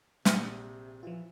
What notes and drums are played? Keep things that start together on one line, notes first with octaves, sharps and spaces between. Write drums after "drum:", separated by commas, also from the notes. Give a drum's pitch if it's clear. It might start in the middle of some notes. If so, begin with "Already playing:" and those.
A#1 C3, drum: snare
E3 F3 F4